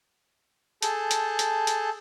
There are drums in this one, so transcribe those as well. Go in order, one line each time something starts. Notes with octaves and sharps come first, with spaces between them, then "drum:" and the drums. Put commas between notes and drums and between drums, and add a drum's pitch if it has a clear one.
G#4 A4 A5 G6, drum: hi-hat
drum: hi-hat
drum: hi-hat
drum: hi-hat